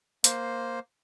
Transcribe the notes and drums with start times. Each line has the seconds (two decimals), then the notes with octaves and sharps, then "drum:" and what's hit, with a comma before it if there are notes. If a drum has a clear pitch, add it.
0.24 A#3 C5, drum: hi-hat